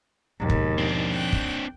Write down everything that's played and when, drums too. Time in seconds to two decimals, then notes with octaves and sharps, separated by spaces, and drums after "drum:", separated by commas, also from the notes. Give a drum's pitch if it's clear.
0.40 D#2 G#2 B2 F3
0.50 drum: kick
0.78 C4 D4
1.12 G5 F#6
1.33 drum: kick